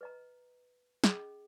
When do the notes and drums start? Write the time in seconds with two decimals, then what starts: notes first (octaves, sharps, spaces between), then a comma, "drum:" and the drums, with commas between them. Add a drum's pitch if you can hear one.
0.01 B4 D#5 A#5
1.04 C#4 G#4 D#5, drum: snare